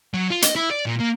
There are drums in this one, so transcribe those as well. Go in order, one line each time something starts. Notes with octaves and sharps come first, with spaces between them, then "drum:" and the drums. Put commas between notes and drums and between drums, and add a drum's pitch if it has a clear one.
F#3
F4
D#5, drum: hi-hat
E4
D5
A#2
A#3